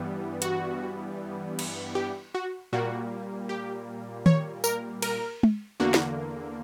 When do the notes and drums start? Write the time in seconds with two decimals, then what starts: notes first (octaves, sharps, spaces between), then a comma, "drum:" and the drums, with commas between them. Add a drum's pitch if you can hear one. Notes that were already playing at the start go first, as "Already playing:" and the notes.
Already playing: G2 E3 G3 B3
0.42 F#4, drum: hi-hat
1.59 drum: cymbal
1.95 G4
2.35 F#4
2.73 A#2 G3 A#3 F#4
3.49 G4
4.26 C#5, drum: tom D#3
4.64 A#4, drum: tambourine
5.02 A#4, drum: cymbal
5.43 drum: tom
5.80 E2 D3 A#3 F#4
5.94 drum: snare